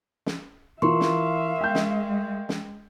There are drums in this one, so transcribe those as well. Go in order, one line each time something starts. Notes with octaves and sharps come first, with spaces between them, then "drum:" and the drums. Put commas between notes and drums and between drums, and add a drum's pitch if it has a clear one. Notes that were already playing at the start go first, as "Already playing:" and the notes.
drum: snare
E3 F4 A#4 E5 F5 C6 C#6
drum: snare
G#3 G5 G6
drum: snare
drum: snare